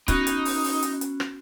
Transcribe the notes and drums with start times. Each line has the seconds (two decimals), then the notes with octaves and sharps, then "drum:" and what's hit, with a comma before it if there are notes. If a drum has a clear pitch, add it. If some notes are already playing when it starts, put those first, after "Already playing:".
0.08 B3 C#4 D#4 F#4, drum: kick C#1, hi-hat
0.27 drum: hi-hat
0.45 drum: open hi-hat
0.64 drum: open hi-hat
0.83 drum: hi-hat
1.01 drum: hi-hat
1.20 drum: rim click